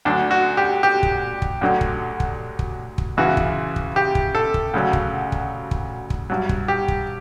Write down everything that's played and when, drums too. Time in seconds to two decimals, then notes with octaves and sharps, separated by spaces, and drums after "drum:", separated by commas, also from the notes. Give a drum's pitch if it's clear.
0.05 D2 D3 F#3 D4
0.31 F#4
0.57 G4
0.83 G4
1.03 drum: kick
1.42 drum: kick
1.61 D2 D3 F#3
1.81 drum: kick
2.20 drum: kick
2.59 drum: kick
2.98 drum: kick
3.17 C#2 C#3 E3 F#4
3.37 drum: kick
3.76 drum: kick
3.96 G4
4.15 drum: kick
4.35 A4
4.54 drum: kick
4.74 D2 C#3 F#3
4.93 drum: kick
5.32 drum: kick
5.71 drum: kick
6.10 drum: kick
6.30 G2 F#3
6.49 drum: kick
6.68 G4
6.88 drum: kick